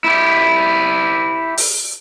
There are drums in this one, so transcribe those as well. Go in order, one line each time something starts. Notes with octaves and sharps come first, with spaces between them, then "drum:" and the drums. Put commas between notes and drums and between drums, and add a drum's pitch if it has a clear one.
E4 G4
drum: open hi-hat